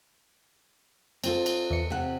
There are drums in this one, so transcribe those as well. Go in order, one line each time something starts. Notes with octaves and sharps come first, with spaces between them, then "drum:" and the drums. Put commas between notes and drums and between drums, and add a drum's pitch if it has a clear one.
C4 F4 A4, drum: cymbal
drum: cymbal
E2 C#7
C3 F#5